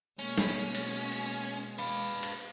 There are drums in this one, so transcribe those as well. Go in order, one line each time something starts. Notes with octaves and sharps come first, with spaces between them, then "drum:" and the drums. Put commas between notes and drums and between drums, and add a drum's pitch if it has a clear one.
B2 G#3 A#3 C#4
drum: snare
drum: cymbal
drum: cymbal
B4 F5
drum: cymbal